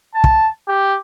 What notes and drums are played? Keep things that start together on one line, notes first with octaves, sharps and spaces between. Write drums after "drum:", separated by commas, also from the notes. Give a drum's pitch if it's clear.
A5
drum: kick
G4